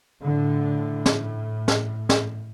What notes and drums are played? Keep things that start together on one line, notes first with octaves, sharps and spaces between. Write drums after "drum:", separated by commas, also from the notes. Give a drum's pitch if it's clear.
A2 D3
drum: snare
drum: snare
drum: snare